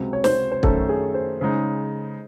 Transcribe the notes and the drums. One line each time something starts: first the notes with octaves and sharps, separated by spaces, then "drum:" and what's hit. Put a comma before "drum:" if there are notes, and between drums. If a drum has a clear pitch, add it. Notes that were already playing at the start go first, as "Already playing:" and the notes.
Already playing: C#2 C3 F#3 C4
C#5
C5, drum: snare
C5
F#2 D#3 A3 C#4 A4, drum: kick
G#4
C5
C#3 G#3 D#4 C5